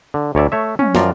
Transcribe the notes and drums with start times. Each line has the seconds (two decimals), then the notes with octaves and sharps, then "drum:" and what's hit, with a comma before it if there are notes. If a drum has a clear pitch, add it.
0.14 D3
0.35 D2 C#5 D5 E5
0.52 A3 C#5 E5
0.79 C#4, drum: tom
0.95 F#2 F3 F4 D5 A#5, drum: snare